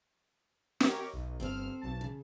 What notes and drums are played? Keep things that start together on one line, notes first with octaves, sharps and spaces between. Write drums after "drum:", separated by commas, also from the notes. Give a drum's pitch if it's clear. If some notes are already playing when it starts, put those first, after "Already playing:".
G4 A#4 C#5 D#5, drum: snare
B1
G1 C4 A4 C5 F6
B1 A5
C#3